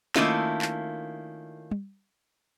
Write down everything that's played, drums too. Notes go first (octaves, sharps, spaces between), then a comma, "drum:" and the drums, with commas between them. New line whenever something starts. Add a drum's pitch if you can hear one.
D#3 A3 A#3 C#4 E4 F4, drum: snare
drum: clap
drum: tom